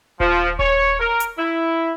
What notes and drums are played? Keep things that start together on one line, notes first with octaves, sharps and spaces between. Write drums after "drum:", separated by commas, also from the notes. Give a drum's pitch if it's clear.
F3, drum: kick D#1
C#5, drum: kick D#1
A#4
drum: hi-hat
E4